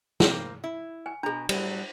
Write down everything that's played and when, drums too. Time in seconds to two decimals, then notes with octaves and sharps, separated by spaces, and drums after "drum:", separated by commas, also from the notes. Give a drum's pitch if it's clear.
0.20 A#3 C4, drum: snare
0.64 E4
1.06 G#5
1.23 B2 D4 G#4 A#5
1.49 A2 F#3 G3, drum: cymbal